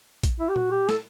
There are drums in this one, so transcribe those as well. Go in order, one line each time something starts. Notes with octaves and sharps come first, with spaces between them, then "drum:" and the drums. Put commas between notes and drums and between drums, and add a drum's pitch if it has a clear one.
drum: kick A#1, hi-hat
E4
G4
F#4, drum: tom A#2
G4
A4, drum: snare